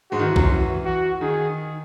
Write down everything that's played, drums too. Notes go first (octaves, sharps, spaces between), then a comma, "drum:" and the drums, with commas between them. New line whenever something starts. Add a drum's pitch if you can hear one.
G#2 G#3 F#4
D#3
E3
F#2 F#3, drum: kick B1
E3
F#4
D#3 G#4